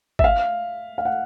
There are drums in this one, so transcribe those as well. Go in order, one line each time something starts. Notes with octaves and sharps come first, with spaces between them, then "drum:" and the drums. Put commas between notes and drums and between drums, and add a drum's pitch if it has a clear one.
E5, drum: kick G#1
F5
F5
F#5